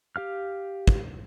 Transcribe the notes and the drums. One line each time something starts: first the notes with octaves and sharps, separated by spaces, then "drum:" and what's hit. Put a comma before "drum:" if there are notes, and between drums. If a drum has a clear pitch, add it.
G4 F5 F6
drum: kick